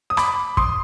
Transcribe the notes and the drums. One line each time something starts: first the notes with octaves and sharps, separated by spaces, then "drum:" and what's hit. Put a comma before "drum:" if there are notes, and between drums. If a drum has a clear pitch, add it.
D#6
B5 D6, drum: rim click
C6 D#6, drum: kick